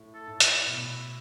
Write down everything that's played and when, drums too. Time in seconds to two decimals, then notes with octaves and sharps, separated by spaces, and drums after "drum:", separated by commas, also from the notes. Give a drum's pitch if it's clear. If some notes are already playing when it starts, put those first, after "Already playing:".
Already playing: A2
0.14 A4
0.27 A2
0.40 E4, drum: hi-hat
0.67 B2